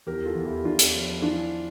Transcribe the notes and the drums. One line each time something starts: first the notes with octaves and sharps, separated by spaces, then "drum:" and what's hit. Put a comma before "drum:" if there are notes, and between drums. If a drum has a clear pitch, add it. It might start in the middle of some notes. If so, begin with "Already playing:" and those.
E2 G4 A#4
F4 A4
E2
E4 G4
E2 D4 F4
drum: hi-hat
F3
E3 D4 F4